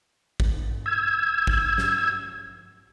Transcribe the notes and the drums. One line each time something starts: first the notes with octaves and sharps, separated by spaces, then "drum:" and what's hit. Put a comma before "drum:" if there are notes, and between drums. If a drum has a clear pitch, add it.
drum: kick G#1
E6 G#6
drum: kick G#1
drum: snare